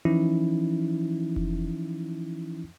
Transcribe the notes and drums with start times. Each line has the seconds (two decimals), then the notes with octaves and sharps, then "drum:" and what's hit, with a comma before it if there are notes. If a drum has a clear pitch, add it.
0.05 E3 F3 C#4 D#4 E4
1.36 drum: kick F1